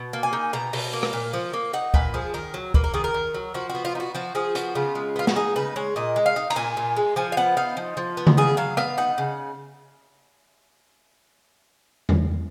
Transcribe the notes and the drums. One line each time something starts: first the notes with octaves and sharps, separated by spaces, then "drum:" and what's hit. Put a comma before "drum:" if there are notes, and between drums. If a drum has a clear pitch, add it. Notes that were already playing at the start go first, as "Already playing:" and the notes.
Already playing: B2
A#3
G#5
D#4
B2 A#5
B2, drum: open hi-hat
A#3
drum: rim click
A#2
F3
A#3
D#4 F#5
A#2 B4, drum: kick
F3 G#4
D#3 A#4
F#3
A#3 B4, drum: kick
A#4
D#3 G#4
A#4
D#3
F#3
F3 F#4
F#4
B3
F4
D#4
F#4
F3 F#4
F3 G#4
B3 F#4, drum: hi-hat
C#3 F4
G#3
B3 F4
F#4, drum: snare
D#4 G#4
C#3 B4
G#3 C#5
A#2 D#5
G#3
F5
D#4
A#5, drum: cymbal
A#2 G#5
A#2
G#3
F3 G#5
F5
B3 F#5
D#4 F5
F3
F3
B3
drum: tom C#3
C#3 G#4
F#3 F5
B3 F5, drum: rim click
D#4 F#5
C#3
drum: tom E2